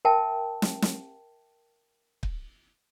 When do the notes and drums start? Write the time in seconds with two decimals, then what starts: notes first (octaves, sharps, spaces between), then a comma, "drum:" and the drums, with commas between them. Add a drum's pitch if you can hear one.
0.05 A#4 E5 G5 A5
0.62 drum: snare
0.82 drum: snare
2.23 drum: kick